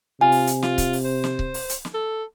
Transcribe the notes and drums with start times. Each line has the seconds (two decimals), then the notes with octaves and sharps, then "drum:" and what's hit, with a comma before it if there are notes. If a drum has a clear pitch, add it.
0.21 C3 F4 G#5
0.32 drum: open hi-hat
0.47 drum: hi-hat
0.63 F4, drum: snare
0.78 drum: kick C#1, hi-hat
0.93 drum: open hi-hat
1.05 C5
1.24 drum: snare
1.39 drum: kick C#1
1.54 drum: open hi-hat
1.69 drum: hi-hat
1.85 drum: snare
1.94 A4